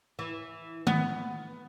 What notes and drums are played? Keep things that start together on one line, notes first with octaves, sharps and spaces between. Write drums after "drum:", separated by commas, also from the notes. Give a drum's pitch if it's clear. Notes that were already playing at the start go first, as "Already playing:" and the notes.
E3
B3, drum: tom D#3